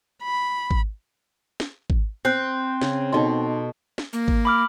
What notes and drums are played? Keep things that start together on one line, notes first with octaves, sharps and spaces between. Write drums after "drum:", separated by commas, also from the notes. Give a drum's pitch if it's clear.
B5
drum: kick G#1
drum: snare
drum: kick G#1
C4 F#6 G6
C#3, drum: snare
B2 D#4 A4 D#5 C6
drum: snare
A#3
drum: kick G#1
B5 D6 F6